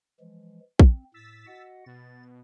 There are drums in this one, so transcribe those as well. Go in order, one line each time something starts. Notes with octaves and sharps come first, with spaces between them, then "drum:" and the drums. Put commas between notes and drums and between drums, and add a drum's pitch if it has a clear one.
E3 F3 G#3
C4, drum: kick A#1
A2 E6 A6 B6
F#4 D#5 F#5
B2 A6